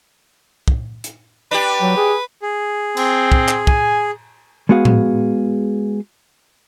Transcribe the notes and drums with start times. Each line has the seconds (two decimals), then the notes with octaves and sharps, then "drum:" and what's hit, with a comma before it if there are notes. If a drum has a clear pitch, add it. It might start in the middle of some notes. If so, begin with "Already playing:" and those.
0.68 drum: kick
1.04 drum: hi-hat
1.51 D4 G4 B4
1.82 F#3
1.97 G#4
2.42 G#4
2.97 C4, drum: cymbal
3.32 drum: kick
3.48 drum: clap
3.67 G#5, drum: kick
4.69 G#3 B3 F#4 G#4 F5
4.85 drum: tom A2